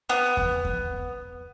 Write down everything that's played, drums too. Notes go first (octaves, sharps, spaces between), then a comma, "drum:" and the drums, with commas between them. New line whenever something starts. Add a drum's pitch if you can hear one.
B3
drum: kick E2
drum: kick E2